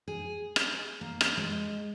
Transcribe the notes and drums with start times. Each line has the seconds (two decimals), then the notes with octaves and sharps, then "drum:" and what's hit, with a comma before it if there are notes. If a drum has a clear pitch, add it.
0.08 G#4
0.56 drum: rim click
1.01 A#3
1.21 drum: rim click
1.37 G#3